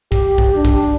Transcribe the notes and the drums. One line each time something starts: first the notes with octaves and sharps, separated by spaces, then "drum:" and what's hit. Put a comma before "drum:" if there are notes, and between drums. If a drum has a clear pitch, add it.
G4, drum: kick, hi-hat
drum: kick
D4
drum: kick, hi-hat